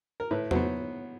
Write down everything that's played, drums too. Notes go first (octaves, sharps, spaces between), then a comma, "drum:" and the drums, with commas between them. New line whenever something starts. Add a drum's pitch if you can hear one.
A#4
A2 B4
F#3 B3 C5, drum: tom E2